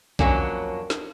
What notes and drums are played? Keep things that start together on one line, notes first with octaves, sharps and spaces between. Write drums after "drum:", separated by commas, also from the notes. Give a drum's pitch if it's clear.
F2 F#3 A#3 C#4 D4, drum: kick B1
drum: snare